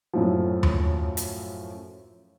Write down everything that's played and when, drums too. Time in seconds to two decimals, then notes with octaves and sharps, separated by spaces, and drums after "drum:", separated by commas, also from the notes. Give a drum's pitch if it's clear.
0.14 F#2 A2 F3
0.63 drum: tom D#2
1.17 drum: hi-hat